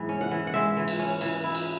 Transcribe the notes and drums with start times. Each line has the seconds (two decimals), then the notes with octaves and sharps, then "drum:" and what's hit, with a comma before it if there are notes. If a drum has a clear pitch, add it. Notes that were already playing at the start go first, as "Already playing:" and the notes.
Already playing: G#2 E3 B3
0.09 C#4
0.21 F#5
0.31 E3
0.47 F#5
0.54 G#3 E5
0.77 E3
0.88 drum: cymbal
0.99 C#4
1.21 E3, drum: cymbal
1.44 E4
1.55 drum: cymbal